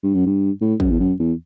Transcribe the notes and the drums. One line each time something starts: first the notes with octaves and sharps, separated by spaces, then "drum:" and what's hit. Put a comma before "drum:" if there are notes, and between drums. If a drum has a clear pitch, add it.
G2
F#2
G2
A2
F#2, drum: kick
E2
F#2
E2